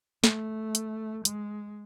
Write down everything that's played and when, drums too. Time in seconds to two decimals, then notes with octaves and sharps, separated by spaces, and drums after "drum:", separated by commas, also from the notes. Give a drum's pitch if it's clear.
0.24 A3, drum: snare
0.75 drum: hi-hat
1.25 G#3, drum: hi-hat